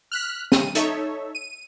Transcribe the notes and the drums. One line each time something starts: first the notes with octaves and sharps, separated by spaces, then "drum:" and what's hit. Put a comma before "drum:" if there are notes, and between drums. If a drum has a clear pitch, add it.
F6 F#6 B6
D#7, drum: snare
D#4 A4 C#5 E5, drum: hi-hat
D#7